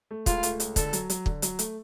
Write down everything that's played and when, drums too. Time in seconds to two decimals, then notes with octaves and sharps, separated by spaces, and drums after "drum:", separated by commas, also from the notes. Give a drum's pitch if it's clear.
0.11 A3
0.26 C#2 F4, drum: kick, hi-hat
0.43 A3, drum: hi-hat
0.60 C#2, drum: hi-hat
0.76 D3 A4, drum: kick, hi-hat
0.93 F#3, drum: hi-hat
1.10 F#3, drum: hi-hat
1.26 D3, drum: kick
1.42 F#3, drum: hi-hat
1.59 A3, drum: hi-hat